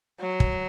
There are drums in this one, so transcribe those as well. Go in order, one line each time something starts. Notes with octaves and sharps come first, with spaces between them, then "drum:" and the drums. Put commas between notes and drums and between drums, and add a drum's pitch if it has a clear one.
F#3
drum: kick